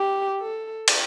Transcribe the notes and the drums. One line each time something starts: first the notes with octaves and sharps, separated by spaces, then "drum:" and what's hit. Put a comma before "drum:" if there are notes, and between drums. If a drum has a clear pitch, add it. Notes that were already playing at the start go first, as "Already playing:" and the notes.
Already playing: G4
A4
drum: cymbal